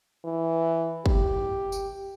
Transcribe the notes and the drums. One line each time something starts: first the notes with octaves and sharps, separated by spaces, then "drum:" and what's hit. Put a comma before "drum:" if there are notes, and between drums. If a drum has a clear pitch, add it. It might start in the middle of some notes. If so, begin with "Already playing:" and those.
E3
G4, drum: kick
drum: tambourine